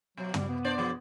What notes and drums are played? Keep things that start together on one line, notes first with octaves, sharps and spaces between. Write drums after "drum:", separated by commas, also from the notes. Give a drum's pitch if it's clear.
B2 F#3
G3, drum: tom
B3
D4 C5 D5
F3 G#4